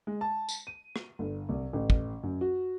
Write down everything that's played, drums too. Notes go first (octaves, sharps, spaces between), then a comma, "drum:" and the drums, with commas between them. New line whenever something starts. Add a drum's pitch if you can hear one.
G#3
A5
drum: tambourine
D#7
drum: rim click
G1
C2
A1
drum: kick
F#2
F#4